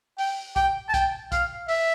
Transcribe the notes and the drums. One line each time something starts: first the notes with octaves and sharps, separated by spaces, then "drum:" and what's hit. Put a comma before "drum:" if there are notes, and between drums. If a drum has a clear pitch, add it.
G5, drum: open hi-hat
G5, drum: kick, hi-hat
A5
G5, drum: kick, hi-hat
F5, drum: kick, hi-hat
E5, drum: open hi-hat